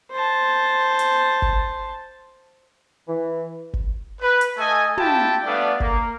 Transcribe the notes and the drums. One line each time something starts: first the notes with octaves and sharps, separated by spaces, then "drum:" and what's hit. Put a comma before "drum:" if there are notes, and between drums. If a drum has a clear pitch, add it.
C5 A5
drum: hi-hat
drum: kick G1
E3
drum: kick G1
B4
drum: hi-hat
A3 A4 D#5 G#5
E4 F4 G4 G5 A5, drum: tom
G3 A3 B3 D4 D5 F5
A#3, drum: kick G1